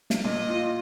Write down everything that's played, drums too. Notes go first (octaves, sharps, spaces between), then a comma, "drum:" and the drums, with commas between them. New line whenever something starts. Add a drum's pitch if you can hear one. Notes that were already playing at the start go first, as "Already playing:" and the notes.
drum: snare
A#2 D#5
F4